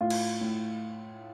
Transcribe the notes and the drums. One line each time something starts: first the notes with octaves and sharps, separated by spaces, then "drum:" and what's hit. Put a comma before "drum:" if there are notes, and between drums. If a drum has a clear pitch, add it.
A2 F4
drum: cymbal
A2